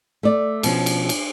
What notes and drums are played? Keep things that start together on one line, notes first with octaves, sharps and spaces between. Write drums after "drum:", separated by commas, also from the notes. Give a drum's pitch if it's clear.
A3 D5
B2 F3 C#4, drum: cymbal
drum: cymbal
drum: cymbal